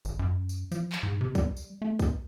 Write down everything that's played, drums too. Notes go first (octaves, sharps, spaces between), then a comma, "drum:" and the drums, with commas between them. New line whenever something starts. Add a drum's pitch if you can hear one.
G#1, drum: tambourine
F#2
drum: tambourine
F3, drum: tambourine
drum: clap
G#2
C3
G3, drum: kick, tambourine
drum: tambourine
A3
drum: kick, tambourine